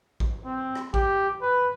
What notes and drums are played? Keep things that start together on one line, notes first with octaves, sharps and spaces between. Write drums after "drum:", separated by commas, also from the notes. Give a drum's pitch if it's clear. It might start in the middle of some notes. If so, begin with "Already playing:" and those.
drum: kick A1
C4
drum: rim click
G4, drum: kick A1
B4